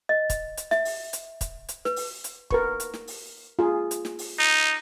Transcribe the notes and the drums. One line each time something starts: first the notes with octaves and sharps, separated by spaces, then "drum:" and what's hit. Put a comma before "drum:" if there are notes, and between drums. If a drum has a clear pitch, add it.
D#5
drum: kick, hi-hat
drum: hi-hat
E5, drum: snare
drum: open hi-hat
drum: hi-hat
drum: kick, hi-hat
drum: hi-hat
B4, drum: snare
drum: open hi-hat
drum: hi-hat
A#4 B4 C#6, drum: kick
drum: hi-hat
drum: snare
drum: open hi-hat
F4 G#4
drum: hi-hat
drum: snare
drum: open hi-hat
D#4